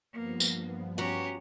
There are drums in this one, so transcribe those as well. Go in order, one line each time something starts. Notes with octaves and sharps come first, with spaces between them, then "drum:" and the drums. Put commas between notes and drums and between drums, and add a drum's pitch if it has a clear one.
G2 F3 A#3 B3
drum: tambourine
C#4 F#4 G4 A#5